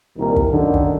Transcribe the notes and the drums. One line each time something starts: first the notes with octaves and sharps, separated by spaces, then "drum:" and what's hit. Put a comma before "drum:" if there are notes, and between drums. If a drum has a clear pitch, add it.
C2 A#2 D#3 A#4
drum: kick
F#2 D3 D#3
drum: kick